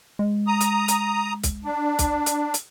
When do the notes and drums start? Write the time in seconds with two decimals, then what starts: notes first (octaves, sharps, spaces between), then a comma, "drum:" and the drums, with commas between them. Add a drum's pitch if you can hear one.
0.19 G#3
0.47 A#5 D#6
0.61 drum: hi-hat
0.88 drum: hi-hat
1.43 drum: kick, hi-hat
1.64 D4
1.99 drum: kick, hi-hat
2.26 drum: hi-hat
2.54 drum: hi-hat